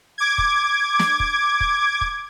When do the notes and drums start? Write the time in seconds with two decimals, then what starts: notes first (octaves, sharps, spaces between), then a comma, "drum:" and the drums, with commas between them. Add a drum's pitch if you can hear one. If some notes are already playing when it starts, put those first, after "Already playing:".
0.18 D6 G#6
0.38 drum: kick
0.99 drum: snare
1.20 drum: kick
1.61 drum: kick
2.01 drum: kick